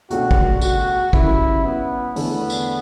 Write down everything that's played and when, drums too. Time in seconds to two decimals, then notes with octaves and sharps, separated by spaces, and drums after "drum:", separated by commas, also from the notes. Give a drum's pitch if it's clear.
0.10 C#2 B2 A3 D4 F#4, drum: hi-hat
0.31 drum: kick
0.62 F#4, drum: tambourine
1.13 C#3 G3 C#4 E4 F#4, drum: kick
1.65 B3
2.16 E2 D3 A3 B3 E4 A4, drum: open hi-hat
2.50 drum: tambourine